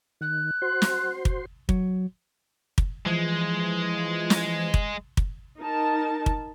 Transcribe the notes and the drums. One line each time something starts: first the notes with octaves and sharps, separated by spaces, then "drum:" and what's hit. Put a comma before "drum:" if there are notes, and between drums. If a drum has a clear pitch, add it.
D#3 F#6
F#4 C5 C6
drum: snare
drum: kick
F#3, drum: kick
drum: kick
E3 F3 G#3 G#6
drum: snare
drum: kick
drum: kick
D#4 A#4 A5
drum: kick